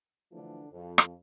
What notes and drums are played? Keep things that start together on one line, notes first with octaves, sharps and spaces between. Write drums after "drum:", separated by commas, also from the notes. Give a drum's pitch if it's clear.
D3 E3 F3 A3 D4
F2
drum: rim click